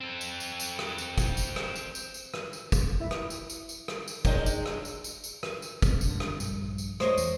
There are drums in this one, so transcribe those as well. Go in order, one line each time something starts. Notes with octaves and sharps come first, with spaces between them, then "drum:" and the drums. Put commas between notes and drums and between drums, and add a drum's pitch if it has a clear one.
C4 A4
drum: tambourine
drum: tambourine
drum: tambourine
drum: rim click
drum: tambourine
drum: kick, tambourine
drum: tambourine
drum: rim click
drum: tambourine
drum: tambourine
drum: tambourine
drum: rim click
drum: tambourine
drum: kick, tambourine
E4 E5
drum: rim click
drum: tambourine
drum: tambourine
drum: tambourine
drum: rim click
drum: tambourine
G#3 D4 A#4 C#5 D#5 G5, drum: kick, tambourine
drum: tambourine
drum: rim click
drum: tambourine
drum: tambourine
drum: tambourine
drum: rim click
drum: tambourine
F1 C#2 C4, drum: kick, tambourine
E1 F#2 D3, drum: tambourine
drum: rim click
A#1 G2, drum: tambourine
drum: tambourine
G#3 A3 C5 C#5 D#5, drum: rim click
E2, drum: tambourine